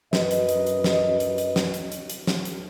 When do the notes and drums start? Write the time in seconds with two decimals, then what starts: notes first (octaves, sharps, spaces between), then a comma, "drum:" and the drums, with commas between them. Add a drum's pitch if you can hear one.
0.13 F#2 B4 D#5, drum: snare
0.31 drum: hi-hat
0.49 drum: hi-hat
0.67 drum: hi-hat
0.84 drum: snare
1.20 drum: hi-hat
1.38 drum: hi-hat
1.56 drum: snare
1.74 drum: hi-hat
1.92 drum: hi-hat
2.10 drum: hi-hat
2.27 drum: snare
2.45 drum: hi-hat